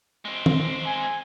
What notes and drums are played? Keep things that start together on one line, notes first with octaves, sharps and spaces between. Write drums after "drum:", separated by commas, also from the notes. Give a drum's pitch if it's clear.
G#3 C4
drum: tom
G#5